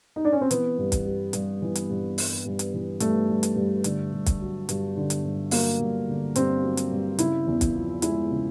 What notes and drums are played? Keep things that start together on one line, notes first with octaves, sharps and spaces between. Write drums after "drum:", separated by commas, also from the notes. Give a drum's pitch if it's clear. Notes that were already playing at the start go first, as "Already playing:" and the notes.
D#4
D4
C#4
C4
E3 B3, drum: hi-hat
G2
drum: kick, hi-hat
G3
G2, drum: hi-hat
E3
drum: hi-hat
G2
G3, drum: open hi-hat
G2
drum: hi-hat
E3
G2 A3, drum: hi-hat
G3
drum: hi-hat
G2
D3, drum: hi-hat
G2
drum: kick, hi-hat
F#3
G2, drum: hi-hat
D3
drum: hi-hat
G2
F#3 A#3, drum: open hi-hat
G2
D3
G2 C4, drum: hi-hat
F#3
drum: hi-hat
G2
C#3 E4, drum: hi-hat
E2
drum: kick, hi-hat
F3
G#3 E4, drum: hi-hat
C#3